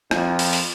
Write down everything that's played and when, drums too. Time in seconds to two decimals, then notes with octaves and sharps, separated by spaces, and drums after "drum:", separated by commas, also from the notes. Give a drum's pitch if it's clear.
0.11 F2, drum: rim click
0.39 drum: open hi-hat
0.53 drum: open hi-hat